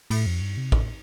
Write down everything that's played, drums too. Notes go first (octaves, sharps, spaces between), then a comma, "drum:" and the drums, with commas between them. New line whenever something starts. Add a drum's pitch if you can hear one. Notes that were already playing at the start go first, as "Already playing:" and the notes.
A2, drum: cymbal
F2
G2
C3
A2, drum: kick A1